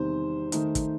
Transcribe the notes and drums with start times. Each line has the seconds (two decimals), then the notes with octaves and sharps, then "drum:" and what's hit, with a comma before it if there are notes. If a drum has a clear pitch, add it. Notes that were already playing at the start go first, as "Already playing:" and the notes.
Already playing: E2 C3 D#3 G3 D#4 C5
0.52 D#3 A3 D#4, drum: hi-hat
0.75 drum: kick, hi-hat